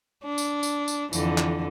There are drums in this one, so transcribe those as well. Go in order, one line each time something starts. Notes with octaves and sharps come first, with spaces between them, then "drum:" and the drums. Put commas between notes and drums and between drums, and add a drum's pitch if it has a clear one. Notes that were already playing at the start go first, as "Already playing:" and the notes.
D4
drum: tambourine
drum: tambourine
drum: tambourine
F2 D3 E3, drum: tambourine
drum: clap